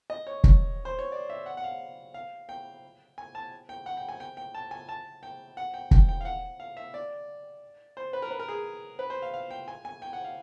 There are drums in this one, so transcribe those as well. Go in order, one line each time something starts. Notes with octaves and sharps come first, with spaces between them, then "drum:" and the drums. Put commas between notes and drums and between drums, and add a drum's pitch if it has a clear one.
D#5
C#5
drum: kick
C5
C#5
D5
E5
F#5
F#5
F5
F5
G5
G#5
A5
G5
F#5
G5
G#5
G5
G5
A5
G#5
A5
G5
F#5
G5
G5, drum: kick
G5
F5
F#5
F5
E5
D5
C5
B4
A#4
B4
A#4
G#4
B4
C5
F5
F5
G5
G#5
G#5
G5
F#5
F5